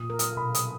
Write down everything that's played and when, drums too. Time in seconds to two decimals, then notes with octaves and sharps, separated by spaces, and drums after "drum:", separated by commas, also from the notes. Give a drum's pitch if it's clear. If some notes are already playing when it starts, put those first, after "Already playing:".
Already playing: A#2 D#6
0.10 A#4
0.19 D#6, drum: hi-hat
0.36 B2 B5
0.55 D#6, drum: hi-hat